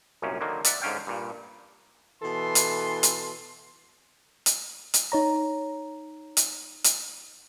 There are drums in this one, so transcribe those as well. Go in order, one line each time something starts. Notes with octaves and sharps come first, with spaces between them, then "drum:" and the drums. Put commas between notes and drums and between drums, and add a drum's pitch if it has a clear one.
C2 F#2 A#2 C#4
D3 D#3 F#3 A#3
D5 E5 F#5, drum: hi-hat
G#2 D3 C#4 F5 G5
G2 A#2
B2 E3 A4 C6
drum: hi-hat
drum: hi-hat
drum: hi-hat
drum: hi-hat
D#4 C#5 A#5
drum: hi-hat
drum: hi-hat